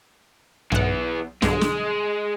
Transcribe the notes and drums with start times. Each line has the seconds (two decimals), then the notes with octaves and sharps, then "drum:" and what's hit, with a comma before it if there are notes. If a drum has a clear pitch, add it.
0.72 B1 E3 B3 F#5, drum: tom G2
1.42 B1 G2 D3 G#3, drum: snare
1.61 drum: snare